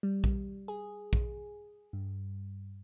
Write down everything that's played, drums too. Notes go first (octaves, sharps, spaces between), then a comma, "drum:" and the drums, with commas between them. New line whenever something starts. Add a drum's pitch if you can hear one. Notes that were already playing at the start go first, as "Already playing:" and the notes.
G3
drum: kick A#1
G#4
drum: kick A#1
G2